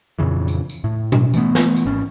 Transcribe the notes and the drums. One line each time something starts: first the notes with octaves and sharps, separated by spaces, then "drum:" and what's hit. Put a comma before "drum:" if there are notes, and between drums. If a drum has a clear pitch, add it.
F2 A#2 C#3 E3
drum: tambourine
drum: tambourine
A2
drum: tom B2
E3 A3 B3, drum: tambourine
drum: snare
drum: tambourine
G#1 C#4